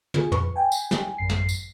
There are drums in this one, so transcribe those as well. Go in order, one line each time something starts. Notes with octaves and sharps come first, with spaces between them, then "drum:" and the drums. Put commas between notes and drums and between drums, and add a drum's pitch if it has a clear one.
F4 G#4, drum: tom
F2 B4 C#6, drum: tom
G5 G#5
drum: tambourine
drum: snare
A1 F#2 C7
drum: snare
drum: tambourine